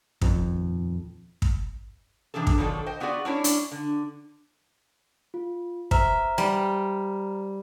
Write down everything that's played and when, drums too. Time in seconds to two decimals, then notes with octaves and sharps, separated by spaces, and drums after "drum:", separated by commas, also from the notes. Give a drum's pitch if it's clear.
0.21 D#1 F2, drum: kick
1.42 drum: kick
2.34 C3 E3 D4 G#4 A4
2.47 drum: kick
2.58 B2 D#3 F#3 D4 F4 A4
2.86 C5 D#5 G5
3.00 B3 F4 F#4 G#4 D5
3.25 C#4 D4 E4 C#5
3.44 drum: hi-hat
3.72 D3
5.34 F4
5.91 C5 E5 A#5 F6, drum: kick
6.38 G3